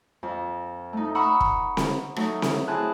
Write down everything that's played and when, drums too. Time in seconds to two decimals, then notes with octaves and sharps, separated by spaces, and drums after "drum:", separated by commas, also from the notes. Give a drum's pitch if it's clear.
0.23 F2
0.93 A3 D#4
1.15 F#5 A#5 B5 C#6 D#6 E6
1.40 drum: kick
1.77 drum: snare C4
2.16 F#3 A3 D#4, drum: rim click
2.42 drum: snare C4
2.68 C4 E4 G#4 A5 F#6